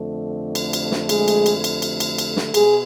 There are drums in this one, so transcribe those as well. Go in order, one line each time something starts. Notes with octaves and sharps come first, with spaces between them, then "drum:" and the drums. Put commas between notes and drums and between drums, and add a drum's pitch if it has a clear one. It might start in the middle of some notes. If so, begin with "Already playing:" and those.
Already playing: F2 D3 A3
drum: cymbal
drum: cymbal
drum: snare
G#3 G#4, drum: cymbal
drum: cymbal
drum: cymbal
drum: cymbal
drum: cymbal
drum: cymbal
drum: cymbal
drum: snare
B2 G#3 G#4, drum: cymbal